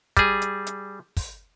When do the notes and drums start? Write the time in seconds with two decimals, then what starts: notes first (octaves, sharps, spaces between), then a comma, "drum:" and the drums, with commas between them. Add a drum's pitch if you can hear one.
0.17 G3 G#4, drum: kick, hi-hat
0.42 drum: hi-hat
0.67 drum: hi-hat
1.17 drum: kick, open hi-hat